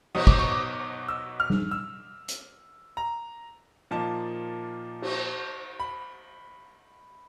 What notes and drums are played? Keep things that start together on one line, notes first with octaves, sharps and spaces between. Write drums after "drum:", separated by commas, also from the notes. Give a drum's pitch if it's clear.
B2 F#3 B3 D#4 D#6, drum: cymbal
D6, drum: kick
C#6
D6
E6
F6
drum: tom G3
E6
drum: hi-hat
A#5
A#2 F3 A#3 D#4 A5
drum: cymbal
B5